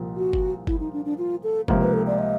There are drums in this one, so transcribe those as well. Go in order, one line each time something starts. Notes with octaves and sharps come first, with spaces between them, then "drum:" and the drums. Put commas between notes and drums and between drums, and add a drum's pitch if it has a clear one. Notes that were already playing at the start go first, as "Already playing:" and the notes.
Already playing: C2 A#2 F3
F#4
drum: kick G1
E4, drum: kick G1
D#4
D4
D4
F4
A4
C#2 C3 F3 A#3 A#4, drum: kick G1
B4
A4
D5
D#5